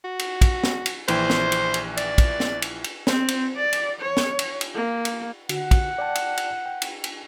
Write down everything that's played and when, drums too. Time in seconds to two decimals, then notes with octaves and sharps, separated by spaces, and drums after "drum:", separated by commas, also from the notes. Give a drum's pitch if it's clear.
0.04 F#4
0.19 drum: cymbal
0.41 drum: kick, cymbal
0.64 drum: snare
0.86 drum: cymbal
1.08 A#1 E3 C5 G5, drum: cymbal
1.30 drum: snare
1.52 drum: cymbal
1.74 drum: cymbal
1.97 D5, drum: cymbal
2.18 drum: kick, cymbal
2.40 drum: snare
2.62 drum: cymbal
2.84 drum: cymbal
3.07 C4, drum: snare
3.28 drum: cymbal
3.57 D5
3.73 drum: cymbal
4.01 C#5
4.17 drum: snare
4.39 drum: cymbal
4.61 drum: cymbal
4.75 A#3
5.05 drum: cymbal
5.49 D3 F#4 F#5, drum: cymbal
5.71 drum: kick, cymbal
5.98 D5 G5 A5
6.15 drum: cymbal
6.37 drum: cymbal
6.66 G5
6.82 drum: cymbal
7.04 drum: cymbal